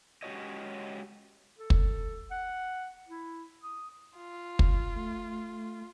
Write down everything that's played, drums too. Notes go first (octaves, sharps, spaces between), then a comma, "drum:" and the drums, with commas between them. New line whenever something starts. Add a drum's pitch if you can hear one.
G#3 C#4 F#4 G4 C#5 D#5
A4
drum: kick
F#5
E4
D#6
F4
drum: kick
A3